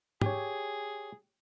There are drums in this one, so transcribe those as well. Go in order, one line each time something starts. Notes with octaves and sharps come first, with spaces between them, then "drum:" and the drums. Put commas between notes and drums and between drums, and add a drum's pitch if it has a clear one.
G4 G#4 C#5, drum: tom